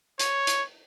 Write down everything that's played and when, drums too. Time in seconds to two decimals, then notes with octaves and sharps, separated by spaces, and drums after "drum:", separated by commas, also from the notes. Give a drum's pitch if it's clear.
0.19 C#5, drum: hi-hat
0.47 drum: hi-hat